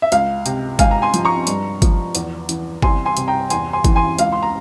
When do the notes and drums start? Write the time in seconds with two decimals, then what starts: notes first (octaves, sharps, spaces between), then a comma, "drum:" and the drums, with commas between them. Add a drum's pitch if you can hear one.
0.02 E5
0.12 C#2 F5, drum: hi-hat
0.46 C3, drum: hi-hat
0.79 G#2 F5 G#5, drum: kick G1, hi-hat
0.91 A#5
1.02 G#5 C6
1.14 F3, drum: hi-hat
1.25 A#5 C#6
1.47 G2, drum: hi-hat
1.82 F3, drum: kick G1, hi-hat
2.15 E2, drum: hi-hat
2.49 E3, drum: hi-hat
2.82 C2 G#5 C6, drum: kick G1
3.05 G#5 C6
3.17 C3, drum: hi-hat
3.28 G5 A#5
3.50 E2 G#5 C6, drum: hi-hat
3.73 G#5 C6
3.84 E3, drum: kick G1, hi-hat
3.96 G#5 C6
4.19 C#2 F5, drum: hi-hat
4.32 C6
4.43 A#5